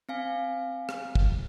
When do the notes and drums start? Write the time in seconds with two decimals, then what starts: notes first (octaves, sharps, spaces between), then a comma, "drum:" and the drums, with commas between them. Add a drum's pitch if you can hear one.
0.09 C4 F5 G#5
0.89 drum: rim click
1.15 drum: kick